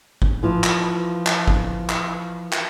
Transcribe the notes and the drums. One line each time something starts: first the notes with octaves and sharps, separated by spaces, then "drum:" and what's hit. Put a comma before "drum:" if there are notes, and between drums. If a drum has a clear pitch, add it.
drum: kick
E3 F3 F4
drum: clap
drum: clap
drum: kick
drum: clap
drum: clap